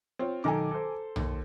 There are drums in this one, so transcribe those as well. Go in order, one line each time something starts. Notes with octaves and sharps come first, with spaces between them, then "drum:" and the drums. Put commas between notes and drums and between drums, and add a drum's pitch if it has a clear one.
C4 F4 C#5
B1 D#3 A4 G#5 A#5 D6
A4 C5
D#2, drum: tom B1